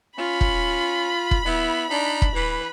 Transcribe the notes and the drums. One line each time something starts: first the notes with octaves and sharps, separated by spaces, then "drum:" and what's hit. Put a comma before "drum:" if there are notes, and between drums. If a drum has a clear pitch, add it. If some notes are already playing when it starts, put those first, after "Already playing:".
C#4 F4 B5
drum: kick
drum: kick
B3 E4
D4 D#4
drum: kick
E3 B4